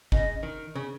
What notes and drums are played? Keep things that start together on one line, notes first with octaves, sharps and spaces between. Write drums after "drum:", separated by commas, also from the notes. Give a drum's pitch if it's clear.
C#3 D#5, drum: kick
D#3
C#3